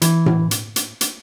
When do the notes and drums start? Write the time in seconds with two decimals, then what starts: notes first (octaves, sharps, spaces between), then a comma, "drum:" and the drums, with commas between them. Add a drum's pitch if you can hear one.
0.02 E3, drum: hi-hat
0.26 drum: tom A2
0.51 drum: hi-hat
0.76 drum: hi-hat
1.01 drum: hi-hat